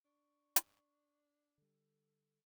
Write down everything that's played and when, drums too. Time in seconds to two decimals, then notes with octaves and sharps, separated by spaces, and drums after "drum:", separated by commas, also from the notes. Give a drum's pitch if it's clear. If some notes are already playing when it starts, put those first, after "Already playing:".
0.05 D4 C#6
0.56 drum: hi-hat
1.58 D3 G3 A4